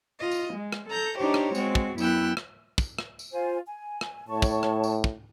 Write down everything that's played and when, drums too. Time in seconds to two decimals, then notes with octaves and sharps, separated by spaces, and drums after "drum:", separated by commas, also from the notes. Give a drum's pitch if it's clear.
0.19 F4 D#5
0.31 drum: tambourine
0.53 G#3
0.72 drum: rim click
0.88 A4 A#5 G6
1.17 D4 D#4 G4 C5 C#5
1.34 drum: rim click
1.55 G#3 C4 F#4, drum: tambourine
1.75 drum: kick
1.98 F#2 B3 E4 G5 E6 F#6, drum: tambourine
2.37 drum: rim click
2.78 drum: kick, tambourine
2.99 drum: rim click
3.19 drum: tambourine
3.32 F4 C5 G#5
3.66 G#5
4.01 drum: rim click
4.28 A2 C#5 A5 C#6
4.42 drum: kick, tambourine
4.63 drum: rim click
4.83 drum: tambourine
5.04 drum: kick